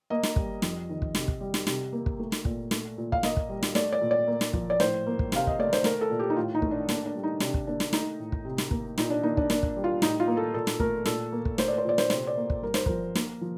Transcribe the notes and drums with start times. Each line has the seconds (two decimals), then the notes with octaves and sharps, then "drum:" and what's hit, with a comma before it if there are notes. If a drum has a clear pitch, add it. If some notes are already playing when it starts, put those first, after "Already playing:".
0.10 A#3 D#5
0.24 drum: snare
0.36 G3, drum: kick
0.62 F2, drum: snare
0.89 D#3
1.02 drum: kick
1.15 C3, drum: snare
1.28 drum: kick
1.40 G3
1.54 drum: snare
1.67 C3, drum: snare
1.92 A#3
2.06 drum: kick
2.19 A3
2.32 drum: snare
2.45 A#2, drum: kick
2.71 A3, drum: snare
2.98 A#2
3.12 F5, drum: kick
3.23 A#3 D#5, drum: snare
3.37 drum: kick
3.49 G3
3.63 drum: snare
3.75 A3 D5, drum: snare
3.93 D5
4.01 A#2
4.11 D5
4.28 A#3
4.41 drum: snare
4.53 F3, drum: kick
4.70 D5
4.80 A2 C5, drum: snare
5.07 A#3
5.19 drum: kick
5.32 C3 F5, drum: snare
5.47 D#5, drum: kick
5.59 A3 D5
5.73 C5, drum: snare
5.84 A3 A#4, drum: snare
6.01 A4
6.10 A#2
6.19 G4
6.30 D#4
6.36 A2 F4
6.55 D#4
6.62 A3, drum: kick
6.71 D4
6.89 A#3 D4, drum: snare
7.06 D4
7.15 G3
7.23 D#4
7.40 C3 D4, drum: snare
7.54 drum: kick
7.67 A#3 D4
7.80 drum: snare
7.93 A3 D#4, drum: snare
8.20 A2
8.32 drum: kick
8.45 C3
8.58 drum: snare
8.71 A#3, drum: kick
8.98 A#2 D#4, drum: snare
9.10 D4
9.23 A#3 D#4
9.37 D4, drum: kick
9.50 A#3 D4, drum: snare
9.63 drum: kick
9.76 G3
9.84 F4
10.02 A2 D#4, drum: snare
10.20 F4
10.27 A#3
10.37 A4
10.54 A#2 A4
10.67 drum: snare
10.80 A3 A#4, drum: kick
11.06 A#2 A4, drum: snare
11.32 A#3
11.45 drum: kick
11.58 A3 C5, drum: snare
11.68 D5
11.78 C5
11.85 A#2 D5
11.98 C5, drum: snare
12.10 C3 C5, drum: snare
12.27 D5
12.37 A#3
12.50 drum: kick
12.62 G2 A#4
12.74 C5, drum: snare
12.86 F3 A#4, drum: kick
13.16 A#3, drum: snare
13.41 F3